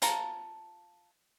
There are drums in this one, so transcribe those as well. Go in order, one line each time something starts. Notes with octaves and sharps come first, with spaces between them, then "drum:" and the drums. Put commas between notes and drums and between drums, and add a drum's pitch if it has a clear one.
F4 A5 A#5, drum: hi-hat